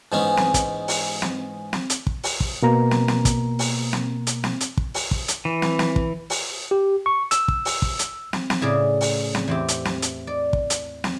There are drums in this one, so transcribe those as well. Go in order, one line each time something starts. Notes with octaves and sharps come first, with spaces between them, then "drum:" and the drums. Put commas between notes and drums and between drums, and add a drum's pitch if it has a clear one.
G#2 E3 G#3 B3 C#4
drum: snare
drum: kick, hi-hat
drum: open hi-hat
drum: snare
drum: snare
drum: hi-hat
drum: kick
drum: open hi-hat
drum: kick
B2 A#3 A#5
drum: snare
drum: snare
drum: kick, hi-hat
drum: open hi-hat
drum: snare
drum: hi-hat
drum: snare
drum: hi-hat
drum: kick
drum: open hi-hat
drum: kick
drum: hi-hat
E3
drum: snare
drum: snare
drum: kick
drum: open hi-hat
G4
C#6
E6, drum: hi-hat
drum: kick
drum: open hi-hat
drum: kick
drum: hi-hat
drum: snare
drum: snare
A2 C#3 G#4 D5
drum: open hi-hat
drum: snare
E2 C4 G4
drum: hi-hat
drum: snare
drum: hi-hat
D5
drum: kick
drum: hi-hat
drum: snare